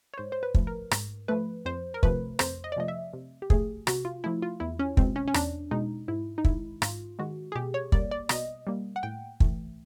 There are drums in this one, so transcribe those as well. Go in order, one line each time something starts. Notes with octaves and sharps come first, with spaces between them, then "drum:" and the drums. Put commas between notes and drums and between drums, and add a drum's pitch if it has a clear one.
C#5
G#2 C5
C5
B4
F3 A3, drum: kick
A#4
G#2, drum: rim click
F3 A3 B4
F2 C5
A#4
C3 F3 A3 B4, drum: kick
F2 C5, drum: rim click
D#5
D5
C3 F3 A3 D#5
E5
C3
G4
F3 A3 G#4, drum: kick
C3 F#4, drum: rim click
F4
F3 A3 E4
F4
E2 E4
C#4
B2 G#3 C4, drum: kick
C#4
C#4
E2 D4, drum: rim click
B2 G#3 D#4
G#2 E4
D#4
G#3 E4, drum: kick
D#3
G#2 F4, drum: rim click
D#3 G#3 F#4
G#4
B2 G4
C#5
G3 A#3 D5, drum: kick
D5
B2 D#5, drum: rim click
G3 A#3
F#5
A2 G5
E3 A3, drum: kick